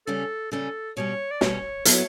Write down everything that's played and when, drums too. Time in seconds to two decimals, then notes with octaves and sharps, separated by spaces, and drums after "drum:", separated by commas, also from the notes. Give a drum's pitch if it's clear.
0.07 C#3 G3 C#4 A4
0.52 C#3 G3 C#4 A4
0.97 B2 G3 C#4 C#5
1.31 D5
1.41 B2 G3 C#4 C#5, drum: snare
1.85 F#3 B3 E4 A4 C#5, drum: hi-hat